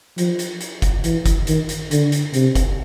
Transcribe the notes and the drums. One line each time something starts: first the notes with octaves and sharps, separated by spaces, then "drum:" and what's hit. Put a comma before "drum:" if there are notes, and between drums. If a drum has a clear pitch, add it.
F3, drum: hi-hat
drum: hi-hat
drum: hi-hat
drum: kick, hi-hat
E3, drum: hi-hat
drum: kick, hi-hat
D#3, drum: hi-hat
drum: hi-hat
D3, drum: hi-hat
drum: hi-hat
C3, drum: hi-hat
drum: kick, hi-hat